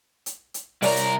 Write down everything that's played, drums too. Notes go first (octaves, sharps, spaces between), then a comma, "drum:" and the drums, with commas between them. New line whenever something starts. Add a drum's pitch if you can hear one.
drum: hi-hat
drum: hi-hat
C2 A#4 C#5 D5, drum: open hi-hat
drum: hi-hat